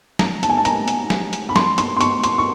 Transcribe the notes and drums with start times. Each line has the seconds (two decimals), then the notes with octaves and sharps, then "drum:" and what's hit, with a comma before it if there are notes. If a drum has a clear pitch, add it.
0.19 A#5, drum: snare
0.43 A5, drum: hi-hat
0.49 G#5
0.57 A5
0.65 A#5, drum: hi-hat
0.88 drum: hi-hat
1.10 drum: snare
1.33 drum: hi-hat
1.49 B5
1.56 C6, drum: snare
1.78 C6, drum: hi-hat
1.97 C6
2.01 C#6, drum: hi-hat
2.24 C6, drum: hi-hat
2.38 C#6